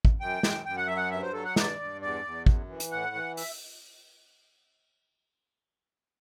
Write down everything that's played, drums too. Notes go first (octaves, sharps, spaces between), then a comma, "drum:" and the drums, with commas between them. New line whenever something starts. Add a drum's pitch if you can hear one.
drum: kick
F#2 G5
F#2, drum: snare
F#2 G5
F#5
F#3 E5
F#5
G2 E5
C5
F#3 A4
F#5
G2 D5, drum: snare
G2
E2 D5
E2
F#2, drum: kick
E3
drum: hi-hat
A2 F#5
E3
E5, drum: open hi-hat